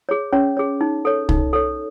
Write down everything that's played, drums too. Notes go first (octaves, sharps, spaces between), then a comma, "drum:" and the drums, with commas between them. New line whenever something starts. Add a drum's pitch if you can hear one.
G#4 C#5
C#4 C#5
G#4 C#5
D#4
A4 C#5
D#4, drum: kick
A4 C#5